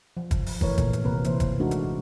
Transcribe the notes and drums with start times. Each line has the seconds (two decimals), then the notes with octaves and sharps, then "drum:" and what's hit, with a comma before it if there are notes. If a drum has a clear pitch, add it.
0.17 F3
0.31 drum: kick, hi-hat
0.46 drum: open hi-hat
0.61 E3 A3 A#4 B4 C#5, drum: kick
0.78 A#2 A#4, drum: kick, hi-hat
0.93 drum: hi-hat
1.04 C3 A#3 A#4 B4
1.24 E3 A#3 E4 C5, drum: hi-hat
1.40 drum: kick, hi-hat
1.60 G#3 A3 D4 D#4 F#4 A#4
1.71 drum: hi-hat